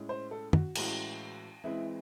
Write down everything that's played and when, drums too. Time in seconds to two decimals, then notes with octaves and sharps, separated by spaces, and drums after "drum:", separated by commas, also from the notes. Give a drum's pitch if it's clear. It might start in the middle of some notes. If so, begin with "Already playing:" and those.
Already playing: A2 G#3 C#4
0.09 C5
0.31 A4
0.53 F#4, drum: tom
0.75 A2 E3 G#3 C#4 F#4, drum: cymbal
1.64 E3 G#3 C4 E4